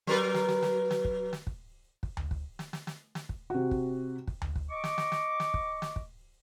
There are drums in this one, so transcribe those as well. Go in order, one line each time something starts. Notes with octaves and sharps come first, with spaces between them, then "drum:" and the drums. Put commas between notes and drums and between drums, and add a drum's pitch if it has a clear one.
F#3 A#4 B4
drum: snare
drum: snare
drum: snare
drum: snare
drum: kick
drum: snare
drum: kick
drum: kick
drum: tom D2
drum: kick
drum: snare
drum: snare
drum: snare
drum: snare
drum: kick
C3 F#4
drum: kick
drum: kick
drum: tom D2
drum: kick
D#5 C#6 D6
drum: snare
drum: snare
drum: snare
drum: snare
drum: kick
drum: snare
drum: kick